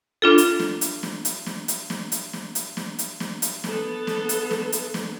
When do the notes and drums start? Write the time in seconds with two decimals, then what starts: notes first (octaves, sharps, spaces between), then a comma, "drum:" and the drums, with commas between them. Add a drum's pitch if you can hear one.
0.22 D4 F4 A4
0.38 drum: hi-hat
0.60 drum: snare
0.81 drum: hi-hat
1.03 drum: snare
1.25 drum: hi-hat
1.46 drum: snare
1.68 drum: hi-hat
1.90 drum: snare
2.12 drum: hi-hat
2.33 drum: snare
2.55 drum: hi-hat
2.77 drum: snare
2.99 drum: hi-hat
3.20 drum: snare
3.42 drum: hi-hat
3.64 B3 A4, drum: snare
4.07 drum: snare
4.29 drum: hi-hat
4.51 drum: snare
4.72 drum: hi-hat
4.94 drum: snare